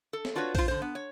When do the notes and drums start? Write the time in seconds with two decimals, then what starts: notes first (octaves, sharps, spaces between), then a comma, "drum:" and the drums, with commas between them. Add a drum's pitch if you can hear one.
0.13 A4
0.25 drum: snare
0.35 D4 F4 F#4 B4 C#5
0.55 F4 C5, drum: kick A#1, open hi-hat
0.68 D3 C5
0.82 B3
0.95 C#5